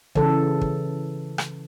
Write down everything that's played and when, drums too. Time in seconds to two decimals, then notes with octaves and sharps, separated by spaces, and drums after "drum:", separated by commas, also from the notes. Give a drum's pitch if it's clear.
0.15 C#3 E3 A4, drum: kick
0.61 drum: kick
1.38 drum: rim click